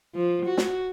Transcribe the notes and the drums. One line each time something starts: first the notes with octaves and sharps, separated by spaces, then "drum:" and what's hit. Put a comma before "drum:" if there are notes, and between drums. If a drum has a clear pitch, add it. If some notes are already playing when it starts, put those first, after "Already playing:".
F3
F#4
drum: snare